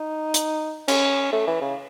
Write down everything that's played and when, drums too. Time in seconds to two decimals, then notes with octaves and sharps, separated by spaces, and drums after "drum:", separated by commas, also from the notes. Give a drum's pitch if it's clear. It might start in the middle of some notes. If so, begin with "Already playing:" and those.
Already playing: D#4
0.34 drum: hi-hat
0.88 C#4, drum: cymbal
1.32 A3
1.48 E3
1.61 C#3